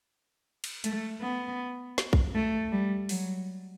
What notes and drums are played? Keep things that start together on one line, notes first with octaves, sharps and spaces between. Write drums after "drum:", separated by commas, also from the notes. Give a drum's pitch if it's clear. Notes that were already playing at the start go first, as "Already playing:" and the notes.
drum: cymbal
A3, drum: hi-hat
B3
drum: snare
drum: kick A#1
A3
G3
F#3, drum: open hi-hat